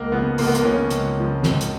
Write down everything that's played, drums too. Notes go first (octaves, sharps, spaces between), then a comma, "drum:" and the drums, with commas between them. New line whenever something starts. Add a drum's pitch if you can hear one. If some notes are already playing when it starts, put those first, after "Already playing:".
Already playing: C#2 A#3
C#3 F3 B3
C#2 A#3, drum: open hi-hat
B3
A#3, drum: hi-hat
C#3 F3 C#4
C#2, drum: hi-hat
C#3 F3
C#2, drum: snare
drum: hi-hat